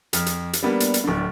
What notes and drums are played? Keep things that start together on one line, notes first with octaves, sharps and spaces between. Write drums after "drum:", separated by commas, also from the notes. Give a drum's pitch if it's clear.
F2 F6, drum: hi-hat
drum: hi-hat
drum: hi-hat
G3 A#3 B3 D4
drum: hi-hat
drum: hi-hat
D1 D3